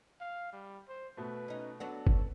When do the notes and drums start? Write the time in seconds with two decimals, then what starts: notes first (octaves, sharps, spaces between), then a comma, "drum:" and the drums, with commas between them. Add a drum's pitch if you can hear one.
0.21 F5
0.53 G3
0.89 C5
1.17 B2 A3 B4
1.48 C#4 D#4
1.80 F#3 B3 D4 A4 F#5
2.07 drum: kick